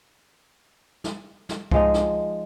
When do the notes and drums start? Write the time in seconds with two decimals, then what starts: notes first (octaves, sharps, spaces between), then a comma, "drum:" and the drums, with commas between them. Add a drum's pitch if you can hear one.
1.04 drum: snare
1.49 drum: snare
1.71 F3 G#3 D#4, drum: kick C2
1.94 drum: snare